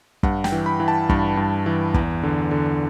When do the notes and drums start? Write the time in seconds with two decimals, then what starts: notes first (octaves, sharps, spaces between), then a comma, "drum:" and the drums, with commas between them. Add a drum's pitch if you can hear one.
0.23 G2 F#5, drum: kick
0.44 G5, drum: snare
0.52 E3
0.66 B5
0.80 E3
0.88 A5
1.09 G2, drum: kick
1.37 G2
1.66 E3
1.94 E2, drum: kick
2.23 D3
2.51 D3